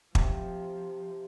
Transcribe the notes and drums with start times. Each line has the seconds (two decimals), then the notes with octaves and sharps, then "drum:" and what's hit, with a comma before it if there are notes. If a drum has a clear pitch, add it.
0.15 C3 F3, drum: kick